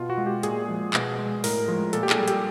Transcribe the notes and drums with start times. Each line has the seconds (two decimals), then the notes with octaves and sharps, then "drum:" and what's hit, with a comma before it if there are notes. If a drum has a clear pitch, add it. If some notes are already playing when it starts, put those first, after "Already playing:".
Already playing: B2 F4
0.10 F#4
0.18 G#3
0.26 G4
0.43 A#2 G#4, drum: hi-hat
0.68 F3 G#3
0.94 B2, drum: clap
1.18 G#3
1.44 A2 A#4, drum: open hi-hat
1.68 F3 G#3
1.93 A#2 A4, drum: hi-hat
2.03 G4
2.10 G#4, drum: clap
2.19 G3
2.28 G4, drum: hi-hat